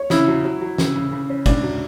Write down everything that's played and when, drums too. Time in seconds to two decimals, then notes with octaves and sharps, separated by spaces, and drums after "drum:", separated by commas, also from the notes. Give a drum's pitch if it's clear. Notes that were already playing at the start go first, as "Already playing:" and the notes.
Already playing: C#5
0.10 C#3 E4, drum: snare
0.27 F#3
0.44 F#3
0.61 F#3
0.78 C#3, drum: snare
0.95 C#3
1.11 C#3
1.29 C#4
1.46 C#3 D4, drum: kick, cymbal
1.63 F#3